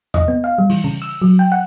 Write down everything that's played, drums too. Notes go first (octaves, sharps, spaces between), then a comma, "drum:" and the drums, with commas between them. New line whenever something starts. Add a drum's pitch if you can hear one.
D#5, drum: tom E2
B3
F5
G3
E3, drum: open hi-hat
C#3
E6
F#3
G5
F#5